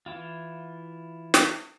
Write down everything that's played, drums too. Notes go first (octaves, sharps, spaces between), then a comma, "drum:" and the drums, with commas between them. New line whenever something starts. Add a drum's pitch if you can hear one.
E3 E4 F4
drum: snare